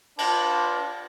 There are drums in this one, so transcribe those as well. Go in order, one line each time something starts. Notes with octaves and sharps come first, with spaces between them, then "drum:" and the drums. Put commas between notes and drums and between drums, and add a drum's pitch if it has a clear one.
D4 F4 B4 A5, drum: cymbal